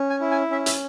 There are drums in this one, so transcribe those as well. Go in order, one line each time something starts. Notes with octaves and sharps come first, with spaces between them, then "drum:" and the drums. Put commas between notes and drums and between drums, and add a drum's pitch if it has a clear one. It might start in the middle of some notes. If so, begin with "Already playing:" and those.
Already playing: C#4
G#5
E4
G#5
C#4 E5
E5, drum: hi-hat